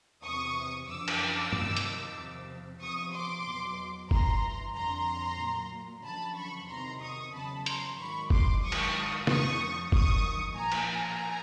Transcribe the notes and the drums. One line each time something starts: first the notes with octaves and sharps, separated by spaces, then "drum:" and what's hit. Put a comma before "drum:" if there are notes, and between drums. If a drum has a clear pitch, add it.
E2 C3 E3 C#6 D#6
F#2 D3 F3 D6 E6
drum: cymbal
E2 C3 D#3 F#3, drum: tom G2
drum: hi-hat
E2 C3 F3
E2 C3 F3 C#6 D#6
C6 D6
E2 B2 F#3
G2 E3 A#5 C6, drum: kick G1
F2 D3 F3 A#5 C6
A#2 F#3
F#2 D3 F3 A5 B5
B5 C#6
E2 C3 D#3 F#3 A#5 C6
C#6 D#6
E2 C#3 F#3 A5 B5
A#5 C6, drum: hi-hat
G#2 D#3 F#3 B5 C#6
C6 D6, drum: kick G1
G#2 D#3 F#3 C#6 D#6
drum: cymbal
F2 D3 F3 C#6 D#6, drum: snare
G2 D#3 F#3 C#6 D#6, drum: kick G1
A#2 F3 G#5 A#5
drum: cymbal
G#5 A#5